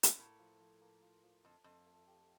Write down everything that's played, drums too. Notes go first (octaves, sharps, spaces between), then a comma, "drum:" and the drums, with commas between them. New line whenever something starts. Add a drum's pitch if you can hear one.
drum: hi-hat
A2 A#3
F3
F3
A#3
F4
F3
F2 A3
F2 A3
A3
G4